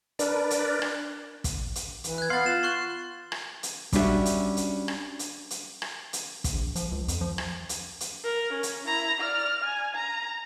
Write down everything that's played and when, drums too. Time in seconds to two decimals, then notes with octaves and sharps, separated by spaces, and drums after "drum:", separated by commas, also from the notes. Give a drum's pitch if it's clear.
0.19 D4 A#4 B4 D5, drum: hi-hat
0.50 drum: hi-hat
0.82 drum: rim click
1.44 drum: kick, hi-hat
1.75 drum: hi-hat
2.04 E3, drum: hi-hat
2.18 F#6 G#6
2.30 B3 F5 C6 A6
2.46 F4 E7
2.63 C6 C#6 F#6
3.32 drum: rim click
3.63 drum: hi-hat
3.92 G3 C#4 D4 E4 F#4 E5, drum: kick, hi-hat
4.26 drum: hi-hat
4.57 drum: hi-hat
4.88 drum: rim click
5.19 drum: hi-hat
5.51 drum: hi-hat
5.82 drum: rim click
6.13 drum: hi-hat
6.44 drum: kick, hi-hat
6.53 A#1
6.76 F3, drum: hi-hat
6.92 C#2
7.08 F2, drum: hi-hat
7.21 F3
7.38 drum: rim click
7.69 drum: hi-hat
8.01 drum: hi-hat
8.23 A#4
8.53 C#4
8.63 drum: hi-hat
8.86 E4 A#5
9.21 D5 F6
9.63 G#5
9.94 A#5